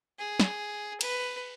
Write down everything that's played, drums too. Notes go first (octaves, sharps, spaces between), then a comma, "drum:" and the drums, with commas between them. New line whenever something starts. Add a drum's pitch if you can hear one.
G#4
drum: snare
B4, drum: cymbal